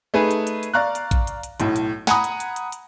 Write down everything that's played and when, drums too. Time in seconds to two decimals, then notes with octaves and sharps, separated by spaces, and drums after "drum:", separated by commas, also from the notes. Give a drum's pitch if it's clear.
0.14 A3 D#4 G#4 B4
0.31 drum: hi-hat
0.47 drum: hi-hat
0.63 drum: hi-hat
0.74 D5 F5 A#5 C#6 F#6
0.95 drum: hi-hat
1.11 drum: kick A1, hi-hat
1.27 drum: hi-hat
1.44 drum: hi-hat
1.60 B1 A2, drum: hi-hat
1.76 drum: hi-hat
2.07 F#5 G#5 A#5 B5 D#6, drum: snare
2.24 drum: hi-hat
2.40 drum: hi-hat
2.56 drum: hi-hat
2.72 drum: hi-hat